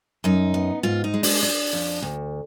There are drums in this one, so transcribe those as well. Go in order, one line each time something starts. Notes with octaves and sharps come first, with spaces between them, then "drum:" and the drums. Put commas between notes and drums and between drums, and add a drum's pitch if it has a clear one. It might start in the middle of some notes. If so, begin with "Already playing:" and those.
F#2 D#4
B3
G#2 F4
D#4
G#3
D4, drum: open hi-hat
D4
F2
D2